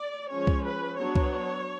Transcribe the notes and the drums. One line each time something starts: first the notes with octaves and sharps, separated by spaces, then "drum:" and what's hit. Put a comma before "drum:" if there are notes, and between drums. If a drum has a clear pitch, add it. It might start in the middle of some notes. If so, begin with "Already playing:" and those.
Already playing: D5
F3 G#3 C#4 C#5
drum: kick C2
B4
F#3 B3 D4 C#5
drum: kick C2